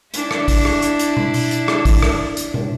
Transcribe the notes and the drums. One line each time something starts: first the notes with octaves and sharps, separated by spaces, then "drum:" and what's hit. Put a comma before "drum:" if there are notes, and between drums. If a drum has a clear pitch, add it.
D4 E4, drum: hi-hat
drum: rim click
drum: kick, open hi-hat
drum: rim click
drum: hi-hat
drum: hi-hat
drum: tom B2
drum: open hi-hat
drum: hi-hat
drum: rim click
drum: kick, open hi-hat
drum: rim click
drum: hi-hat
drum: tom